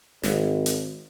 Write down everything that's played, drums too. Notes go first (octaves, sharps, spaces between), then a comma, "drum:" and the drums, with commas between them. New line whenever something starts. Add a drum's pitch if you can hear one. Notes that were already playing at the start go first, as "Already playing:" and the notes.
G#1, drum: snare
drum: hi-hat